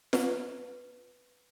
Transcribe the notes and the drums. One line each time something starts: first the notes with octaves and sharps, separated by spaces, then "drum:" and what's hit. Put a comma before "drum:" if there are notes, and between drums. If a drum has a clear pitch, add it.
B4, drum: snare F4